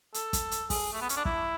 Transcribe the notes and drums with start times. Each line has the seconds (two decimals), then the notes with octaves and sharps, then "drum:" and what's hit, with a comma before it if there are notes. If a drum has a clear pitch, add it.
0.14 A4, drum: hi-hat
0.33 drum: kick, hi-hat
0.51 drum: hi-hat
0.70 G#4, drum: kick, open hi-hat
0.93 A3
1.01 B3
1.09 C#4, drum: hi-hat
1.17 D4
1.25 E4, drum: kick